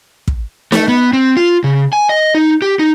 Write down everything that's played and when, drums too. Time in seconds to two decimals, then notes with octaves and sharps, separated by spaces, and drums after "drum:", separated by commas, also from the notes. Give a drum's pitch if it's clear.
0.28 drum: kick
0.72 A3, drum: snare
0.88 B3
1.13 C4
1.37 F4
1.64 C#3
1.93 G#5
2.09 D#5
2.35 D#4
2.62 G4
2.79 D#4